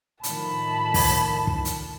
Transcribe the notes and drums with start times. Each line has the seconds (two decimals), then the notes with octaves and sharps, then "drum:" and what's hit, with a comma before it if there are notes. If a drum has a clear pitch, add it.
0.23 A2 D#3 F3 A5 B5, drum: hi-hat
0.94 drum: kick, open hi-hat
1.47 drum: kick
1.65 drum: hi-hat